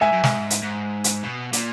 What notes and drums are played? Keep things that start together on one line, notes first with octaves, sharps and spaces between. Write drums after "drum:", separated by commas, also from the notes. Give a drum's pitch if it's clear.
G#2 E5 G#5
F#2
G#2, drum: snare
drum: hi-hat
G#2
drum: hi-hat
B2
A#2, drum: hi-hat